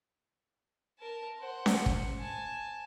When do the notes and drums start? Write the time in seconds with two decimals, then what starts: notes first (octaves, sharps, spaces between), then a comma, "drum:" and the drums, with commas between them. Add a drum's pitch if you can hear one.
0.99 A#4 A5
1.40 C5 F#5
1.66 drum: snare C#4
1.86 drum: kick
2.19 G#5 A5